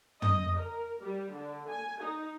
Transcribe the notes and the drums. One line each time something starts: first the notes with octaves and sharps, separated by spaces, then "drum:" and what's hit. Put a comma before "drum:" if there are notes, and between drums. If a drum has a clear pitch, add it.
D#5, drum: tom
A#4
G3
D3
G#5
D#4